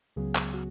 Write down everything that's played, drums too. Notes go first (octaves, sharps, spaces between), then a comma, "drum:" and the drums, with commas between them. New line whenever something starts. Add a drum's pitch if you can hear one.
C#2 C#3 F#3 B3 G#4
drum: clap
F#4